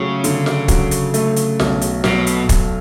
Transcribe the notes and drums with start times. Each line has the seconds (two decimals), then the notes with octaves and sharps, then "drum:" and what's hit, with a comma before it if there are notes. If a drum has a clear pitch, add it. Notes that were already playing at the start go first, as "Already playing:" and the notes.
Already playing: C#3 F#3 A3
0.24 D3, drum: hi-hat
0.46 drum: snare
0.68 F#3, drum: kick, hi-hat
0.91 drum: hi-hat
1.14 A3, drum: hi-hat
1.36 drum: hi-hat
1.60 B1, drum: snare
1.81 drum: hi-hat
2.04 B2 F#3, drum: snare
2.27 drum: hi-hat
2.49 drum: kick, hi-hat